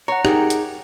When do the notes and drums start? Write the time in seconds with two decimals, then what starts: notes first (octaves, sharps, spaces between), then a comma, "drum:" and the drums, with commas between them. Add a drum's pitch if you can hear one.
0.08 C#5 F#5 A#5
0.25 D#4 G4 G#4 A#4, drum: rim click
0.50 drum: hi-hat